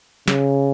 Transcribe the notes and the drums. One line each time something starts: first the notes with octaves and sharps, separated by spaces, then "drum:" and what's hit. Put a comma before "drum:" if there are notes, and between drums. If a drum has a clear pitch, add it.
C#3, drum: snare